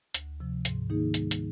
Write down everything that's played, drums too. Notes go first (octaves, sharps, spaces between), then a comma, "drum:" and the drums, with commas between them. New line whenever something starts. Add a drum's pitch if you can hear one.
D2, drum: hi-hat
C3 F3
G#2, drum: hi-hat
D#3 A#3 D#4 G#4
G3, drum: hi-hat
drum: hi-hat